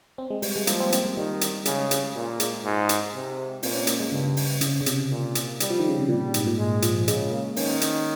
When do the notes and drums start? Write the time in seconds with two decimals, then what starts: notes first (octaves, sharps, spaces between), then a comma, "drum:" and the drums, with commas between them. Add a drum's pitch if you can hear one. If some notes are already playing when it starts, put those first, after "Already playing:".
0.18 C4
0.30 G#3
0.42 G3, drum: open hi-hat
0.56 G#3
0.67 F3 A#3, drum: hi-hat
0.80 C4
0.92 C4, drum: hi-hat
1.05 A#3
1.16 D#3 G3
1.41 drum: hi-hat
1.65 C#3 G#3, drum: hi-hat
1.91 G#3, drum: hi-hat
2.15 A#2
2.40 G#3, drum: hi-hat
2.64 G#2
2.89 drum: hi-hat
3.14 C3
3.63 A#2 C4, drum: open hi-hat
3.75 C#4
3.87 A#3, drum: hi-hat
4.00 G#3
4.12 G2 C#3
4.37 drum: open hi-hat
4.61 C#3, drum: hi-hat
4.81 C#3
4.86 C3, drum: hi-hat
5.11 A#2
5.35 drum: hi-hat
5.60 G3, drum: hi-hat
5.70 F3
5.79 D#3
5.89 C#3
5.99 C3
6.09 A#2 G3
6.21 A#2
6.34 G#2, drum: hi-hat
6.46 A#2
6.58 G#3
6.82 F3, drum: hi-hat
7.08 C#3 G#3, drum: hi-hat
7.32 A#3
7.56 D#3 C#4, drum: open hi-hat
7.81 drum: hi-hat